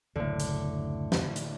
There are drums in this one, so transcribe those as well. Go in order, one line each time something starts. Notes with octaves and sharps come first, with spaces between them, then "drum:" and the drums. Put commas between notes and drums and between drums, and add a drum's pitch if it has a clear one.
F#1 D2 A2 D3
drum: hi-hat
drum: snare
drum: hi-hat